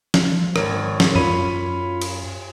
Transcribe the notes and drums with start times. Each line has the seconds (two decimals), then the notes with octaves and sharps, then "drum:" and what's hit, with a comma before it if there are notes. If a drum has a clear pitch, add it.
0.14 F3, drum: snare
0.56 G#1 A#4 C#5, drum: rim click
1.00 drum: snare
1.15 F#2 F4 C#5 B5 D#7
2.02 drum: cymbal